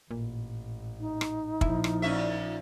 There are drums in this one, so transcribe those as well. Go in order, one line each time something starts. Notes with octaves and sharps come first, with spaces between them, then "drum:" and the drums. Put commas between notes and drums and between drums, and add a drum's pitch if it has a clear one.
A1 A#2
D#4
drum: rim click
A#1 F3 E4, drum: kick
drum: rim click
A#2 C#4 E5